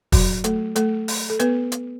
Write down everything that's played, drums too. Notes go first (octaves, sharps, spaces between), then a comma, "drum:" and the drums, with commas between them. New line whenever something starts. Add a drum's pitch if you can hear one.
F#3 F#4, drum: kick, open hi-hat
A3 A4, drum: hi-hat
A3 A4, drum: hi-hat
drum: open hi-hat
A4
B3 B4, drum: hi-hat
drum: hi-hat